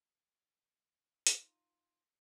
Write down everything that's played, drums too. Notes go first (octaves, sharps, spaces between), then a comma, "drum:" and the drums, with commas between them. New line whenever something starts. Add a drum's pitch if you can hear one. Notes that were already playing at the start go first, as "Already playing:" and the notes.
D#4 F4, drum: hi-hat